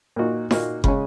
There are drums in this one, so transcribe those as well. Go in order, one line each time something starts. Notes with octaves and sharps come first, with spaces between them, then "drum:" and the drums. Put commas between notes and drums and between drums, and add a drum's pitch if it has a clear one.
A#2 A#3 D#4 F#4
A#2 A#3 D#4 F#4, drum: snare D#4
C#3 G#3 C#4, drum: kick